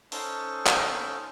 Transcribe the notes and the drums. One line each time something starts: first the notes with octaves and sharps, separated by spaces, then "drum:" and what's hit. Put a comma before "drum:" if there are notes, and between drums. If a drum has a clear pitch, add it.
C#4 D#4 A4 C5 A5 C#6, drum: open hi-hat
drum: clap